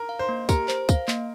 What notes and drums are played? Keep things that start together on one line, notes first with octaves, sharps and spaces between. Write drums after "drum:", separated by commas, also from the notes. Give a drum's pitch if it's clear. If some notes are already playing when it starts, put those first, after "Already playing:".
Already playing: A#4
F5
C5
A#3
G4 A#4, drum: kick, tambourine
C5, drum: clap
F5, drum: kick, tambourine
A#3, drum: clap